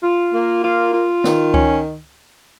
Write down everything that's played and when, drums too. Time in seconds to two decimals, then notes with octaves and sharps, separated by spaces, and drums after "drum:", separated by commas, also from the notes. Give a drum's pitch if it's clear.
0.02 F4
0.33 A#3
0.63 F4
0.93 F4
1.24 D#3, drum: snare
1.54 C#4, drum: kick C#2